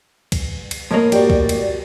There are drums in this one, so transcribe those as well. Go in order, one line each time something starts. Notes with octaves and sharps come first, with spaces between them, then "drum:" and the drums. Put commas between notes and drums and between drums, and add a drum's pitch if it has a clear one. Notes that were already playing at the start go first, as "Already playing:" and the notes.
drum: kick, cymbal
drum: cymbal
A2 A#3 A#4 C#5 D#5
F#4 G4 D5, drum: cymbal
drum: kick
drum: cymbal